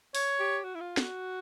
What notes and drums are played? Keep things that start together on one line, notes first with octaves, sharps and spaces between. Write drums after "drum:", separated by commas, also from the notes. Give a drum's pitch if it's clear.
C#5, drum: open hi-hat
G4
F#4
E4
F4
F#4, drum: snare